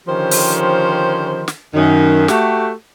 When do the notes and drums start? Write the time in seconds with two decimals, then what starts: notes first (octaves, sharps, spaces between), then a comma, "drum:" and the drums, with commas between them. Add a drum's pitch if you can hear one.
0.07 D3 D#3 F3 C#4 G4 C5
0.31 drum: open hi-hat
1.48 drum: snare
1.74 F#2 D#3
2.28 A3 F#4 G4, drum: snare